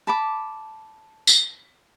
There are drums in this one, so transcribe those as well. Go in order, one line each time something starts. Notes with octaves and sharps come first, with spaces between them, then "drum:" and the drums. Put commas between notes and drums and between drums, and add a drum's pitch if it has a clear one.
A5 B5 D6
drum: tambourine